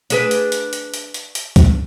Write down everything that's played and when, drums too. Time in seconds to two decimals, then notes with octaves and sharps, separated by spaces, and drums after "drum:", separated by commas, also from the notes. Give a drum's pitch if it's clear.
0.10 D4 G#4 B4, drum: hi-hat
0.31 drum: hi-hat
0.52 drum: hi-hat
0.73 drum: hi-hat
0.94 drum: hi-hat
1.14 drum: hi-hat
1.35 drum: hi-hat
1.56 drum: kick C2, hi-hat